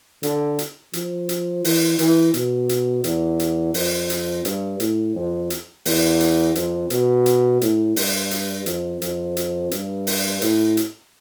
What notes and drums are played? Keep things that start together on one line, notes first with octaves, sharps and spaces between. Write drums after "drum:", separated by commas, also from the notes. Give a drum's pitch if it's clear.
D3, drum: hi-hat
drum: hi-hat
F3, drum: hi-hat
drum: hi-hat
E3, drum: open hi-hat
E3, drum: hi-hat
B2, drum: hi-hat
drum: hi-hat
E2, drum: hi-hat
drum: hi-hat
F2, drum: open hi-hat
drum: hi-hat
G2, drum: hi-hat
A2, drum: hi-hat
F2
drum: hi-hat
E2, drum: open hi-hat
drum: hi-hat
F2, drum: hi-hat
B2, drum: hi-hat
drum: hi-hat
A2, drum: hi-hat
G2, drum: open hi-hat
drum: hi-hat
F2, drum: hi-hat
F2, drum: hi-hat
drum: hi-hat
G2, drum: hi-hat
drum: open hi-hat
A2, drum: hi-hat
drum: hi-hat